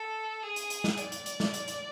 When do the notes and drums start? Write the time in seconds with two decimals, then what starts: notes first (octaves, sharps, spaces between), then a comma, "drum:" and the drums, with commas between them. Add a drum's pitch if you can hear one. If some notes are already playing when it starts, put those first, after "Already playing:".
Already playing: A4
0.43 G#4
0.56 drum: hi-hat
0.70 drum: hi-hat
0.84 drum: snare
0.98 D5, drum: hi-hat
1.12 drum: hi-hat
1.26 drum: hi-hat
1.40 drum: snare
1.54 drum: hi-hat
1.68 drum: hi-hat